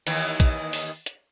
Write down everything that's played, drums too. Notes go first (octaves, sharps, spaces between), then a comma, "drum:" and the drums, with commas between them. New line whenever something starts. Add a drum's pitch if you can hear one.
D#2 D#3 E3, drum: hi-hat
drum: kick, hi-hat
drum: open hi-hat
drum: hi-hat